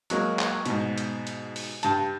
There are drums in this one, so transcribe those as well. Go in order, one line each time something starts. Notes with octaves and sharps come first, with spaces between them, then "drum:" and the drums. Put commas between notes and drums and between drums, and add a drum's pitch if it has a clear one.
F#3 G#3 A#3, drum: hi-hat
drum: clap
G#2 B2, drum: hi-hat
drum: hi-hat
drum: hi-hat
drum: open hi-hat
G2 A5, drum: hi-hat